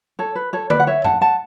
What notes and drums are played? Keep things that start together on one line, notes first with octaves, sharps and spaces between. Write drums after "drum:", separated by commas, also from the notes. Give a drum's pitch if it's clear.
A4 C#5
B4
A4 C#5
B4 D5, drum: tom D3
F#5
C#5 E5
F#5 A5, drum: tom F#2
F#5 A5